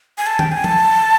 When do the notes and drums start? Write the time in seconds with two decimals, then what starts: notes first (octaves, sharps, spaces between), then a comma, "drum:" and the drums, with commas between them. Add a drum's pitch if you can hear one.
0.18 G#5
0.26 A5
0.39 G5, drum: tom D#3
0.52 G#5
0.64 A5, drum: tom